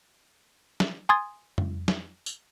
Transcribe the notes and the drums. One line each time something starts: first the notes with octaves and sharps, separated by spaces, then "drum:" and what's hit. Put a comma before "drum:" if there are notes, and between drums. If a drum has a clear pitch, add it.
drum: snare
G#5 C6 D#6 G#6 A6
drum: tom F2
drum: snare
drum: tambourine